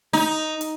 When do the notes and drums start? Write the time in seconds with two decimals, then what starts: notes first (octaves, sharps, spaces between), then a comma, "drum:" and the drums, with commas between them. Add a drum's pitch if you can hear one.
0.13 D#4, drum: snare
0.61 drum: hi-hat